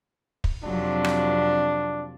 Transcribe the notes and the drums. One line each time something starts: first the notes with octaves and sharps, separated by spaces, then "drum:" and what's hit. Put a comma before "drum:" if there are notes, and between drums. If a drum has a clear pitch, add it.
drum: kick
F2 C3 F#3 D4
drum: rim click